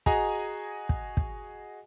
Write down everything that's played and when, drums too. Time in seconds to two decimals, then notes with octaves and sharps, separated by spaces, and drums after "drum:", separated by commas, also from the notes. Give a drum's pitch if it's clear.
0.06 F#4 G#4 D#5 G#5 A#5, drum: kick
0.89 drum: kick
1.17 drum: kick